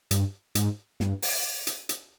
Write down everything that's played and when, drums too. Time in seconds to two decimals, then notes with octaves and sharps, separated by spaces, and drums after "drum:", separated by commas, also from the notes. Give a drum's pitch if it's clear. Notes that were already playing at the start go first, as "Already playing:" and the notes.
0.11 G2, drum: hi-hat
0.55 G#2, drum: hi-hat
1.00 G2, drum: snare
1.22 drum: open hi-hat
1.67 drum: hi-hat
1.89 drum: hi-hat